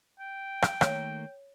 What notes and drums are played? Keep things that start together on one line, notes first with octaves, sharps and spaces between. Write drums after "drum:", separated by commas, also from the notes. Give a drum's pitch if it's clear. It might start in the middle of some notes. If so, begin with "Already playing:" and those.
G5
drum: rim click
D#3 A3 A#3 C#5, drum: rim click